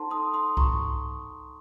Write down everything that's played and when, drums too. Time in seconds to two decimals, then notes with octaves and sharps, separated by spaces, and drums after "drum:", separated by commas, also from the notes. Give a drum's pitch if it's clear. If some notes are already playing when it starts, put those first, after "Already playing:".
Already playing: D#4 A4 C5 F#5 A5 A#5 C6
0.11 C6 D#6
0.34 C6 D#6
0.57 A#5 C#6, drum: kick C2